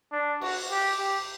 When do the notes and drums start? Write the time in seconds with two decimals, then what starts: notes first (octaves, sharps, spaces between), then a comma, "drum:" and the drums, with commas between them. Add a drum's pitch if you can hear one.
0.12 D4
0.41 F#4, drum: cymbal
0.70 G4
0.98 G4